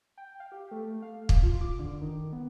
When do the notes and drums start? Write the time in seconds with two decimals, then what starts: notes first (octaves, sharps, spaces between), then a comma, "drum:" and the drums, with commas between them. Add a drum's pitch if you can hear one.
0.18 G5
0.40 F5
0.52 G4
0.71 A3
1.02 F5
1.29 drum: kick
1.43 F4
1.61 D6
1.79 D3
2.01 D#3
2.32 B3